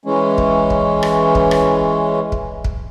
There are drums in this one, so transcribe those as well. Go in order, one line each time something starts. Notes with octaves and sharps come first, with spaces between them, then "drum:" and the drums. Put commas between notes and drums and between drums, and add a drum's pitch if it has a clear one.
E3 G#3 C#4
drum: kick
drum: kick
drum: rim click
drum: kick
drum: rim click
drum: kick
drum: kick